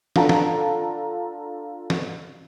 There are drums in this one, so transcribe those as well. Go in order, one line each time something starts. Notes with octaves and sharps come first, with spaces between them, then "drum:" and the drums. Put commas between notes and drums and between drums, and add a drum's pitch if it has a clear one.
D4 F4 A4 F#5 A5 A#5, drum: snare
drum: snare
drum: snare